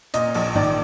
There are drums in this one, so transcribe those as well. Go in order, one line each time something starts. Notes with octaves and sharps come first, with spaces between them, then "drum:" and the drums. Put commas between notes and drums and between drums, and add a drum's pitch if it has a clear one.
A#2 D#5, drum: hi-hat
A#1 D#5, drum: open hi-hat
D#3 D5, drum: tom G#2